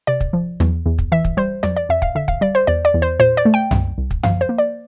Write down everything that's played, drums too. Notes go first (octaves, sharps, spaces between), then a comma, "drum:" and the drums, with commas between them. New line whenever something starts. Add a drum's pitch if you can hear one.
C3 D5
drum: kick
F3
E2, drum: tom
E2
drum: kick
E3 E5
drum: kick
G3 C5
F2 D5, drum: tom
D5
F2 E5
F5, drum: kick
D3 E5
F5, drum: kick
G3 D5
C5
E2 D5
D5
E2
C5
A#2 C5
D5
A3
G5
C2, drum: tom F#2
C2
drum: kick
F3 F5, drum: tom F#2
C5
A#3
D5